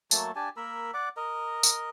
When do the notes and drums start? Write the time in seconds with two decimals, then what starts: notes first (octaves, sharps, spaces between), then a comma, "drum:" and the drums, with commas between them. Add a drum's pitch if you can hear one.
0.11 F#3 A3 A#3 A5, drum: tambourine
0.36 D4 G4 G#5 A5
0.57 A#3 A#4 B5 E6
0.94 D5 F#5 D6
1.17 A#4 D#5
1.63 drum: tambourine